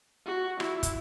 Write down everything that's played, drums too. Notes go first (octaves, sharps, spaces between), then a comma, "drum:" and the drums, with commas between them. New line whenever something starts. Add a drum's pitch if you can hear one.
F#4
E4, drum: rim click
drum: kick, hi-hat